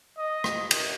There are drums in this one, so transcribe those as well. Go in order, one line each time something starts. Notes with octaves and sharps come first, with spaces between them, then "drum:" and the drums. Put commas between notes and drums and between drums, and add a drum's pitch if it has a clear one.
D#5
drum: rim click
drum: cymbal